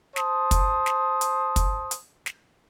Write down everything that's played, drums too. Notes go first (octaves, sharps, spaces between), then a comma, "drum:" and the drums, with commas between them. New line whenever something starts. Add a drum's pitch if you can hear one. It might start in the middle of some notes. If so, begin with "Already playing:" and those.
C5 A5 D#6, drum: snare
drum: kick, hi-hat
drum: snare
drum: hi-hat
drum: kick, hi-hat
drum: hi-hat
drum: snare